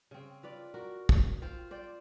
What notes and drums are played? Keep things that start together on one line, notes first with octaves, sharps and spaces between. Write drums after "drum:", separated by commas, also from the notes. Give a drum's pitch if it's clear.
C#3 C4
F4 B4 D5
F#4 A#4
drum: kick
C4 F4 C5
C5 D5 G5